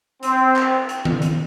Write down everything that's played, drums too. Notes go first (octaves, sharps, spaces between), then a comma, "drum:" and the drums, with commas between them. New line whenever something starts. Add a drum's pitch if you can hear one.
C4, drum: hi-hat
drum: clap
drum: hi-hat
drum: tom D#3
drum: hi-hat